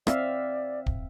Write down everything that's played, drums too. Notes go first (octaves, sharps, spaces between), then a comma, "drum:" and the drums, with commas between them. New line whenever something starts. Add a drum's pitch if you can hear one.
C4 D5 E5 F5, drum: rim click
drum: kick